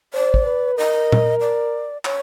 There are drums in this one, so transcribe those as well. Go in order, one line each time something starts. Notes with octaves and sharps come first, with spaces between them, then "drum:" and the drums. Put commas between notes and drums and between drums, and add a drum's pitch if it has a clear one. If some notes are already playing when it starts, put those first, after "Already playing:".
C5 D5
drum: kick
B4
A#4 D#5
drum: tom A#2
D5
C#5, drum: clap